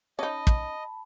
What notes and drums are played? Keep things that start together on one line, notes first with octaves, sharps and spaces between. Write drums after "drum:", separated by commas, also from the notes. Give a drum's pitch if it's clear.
C#4 D#4 D#5 A5 B5
drum: kick